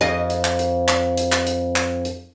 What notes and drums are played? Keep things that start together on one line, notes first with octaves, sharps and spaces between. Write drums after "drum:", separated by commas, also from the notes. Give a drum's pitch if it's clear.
F2 D#5
drum: hi-hat
drum: clap
drum: hi-hat
drum: clap
drum: hi-hat
drum: clap
drum: hi-hat
drum: clap
drum: hi-hat